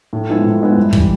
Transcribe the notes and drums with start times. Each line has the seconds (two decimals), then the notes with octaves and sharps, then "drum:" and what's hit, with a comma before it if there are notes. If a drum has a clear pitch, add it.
0.13 A2
0.29 F3 G#3 B3 E4
0.44 A2
0.60 F3 G#3 B3 E4
0.76 G2
0.93 E3 G3, drum: kick